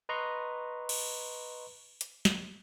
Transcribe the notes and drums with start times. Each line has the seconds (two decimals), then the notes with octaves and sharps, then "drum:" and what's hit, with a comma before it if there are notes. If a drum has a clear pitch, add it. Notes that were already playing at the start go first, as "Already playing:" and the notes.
0.09 B4 D#5 A#5 C6 C#6
0.89 drum: cymbal
2.01 drum: hi-hat
2.25 drum: snare